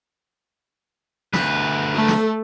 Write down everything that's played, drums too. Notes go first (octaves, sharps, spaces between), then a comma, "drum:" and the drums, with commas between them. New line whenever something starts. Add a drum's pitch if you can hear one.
D2 B4, drum: snare
A3 A4
drum: snare